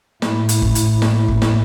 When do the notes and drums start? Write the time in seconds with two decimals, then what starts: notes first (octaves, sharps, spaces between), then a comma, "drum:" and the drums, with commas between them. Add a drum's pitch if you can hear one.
0.22 A2 A3 E4, drum: snare
0.49 drum: hi-hat
0.62 drum: kick
0.75 drum: hi-hat
1.02 drum: snare
1.28 drum: kick
1.42 drum: snare